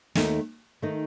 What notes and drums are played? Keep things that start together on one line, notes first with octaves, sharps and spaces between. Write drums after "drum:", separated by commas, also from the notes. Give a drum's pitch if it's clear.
D#2 D#3 A3 D#4, drum: snare
D#3 A3 D#4